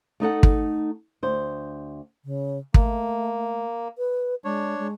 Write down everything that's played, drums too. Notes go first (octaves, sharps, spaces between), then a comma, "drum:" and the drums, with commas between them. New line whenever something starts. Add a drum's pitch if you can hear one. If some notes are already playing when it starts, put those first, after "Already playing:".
A3 D#4 A4 F#5
drum: kick
D2 C5
C#3
A3 A#3, drum: kick
B4
G#3 D4 C#5
G#3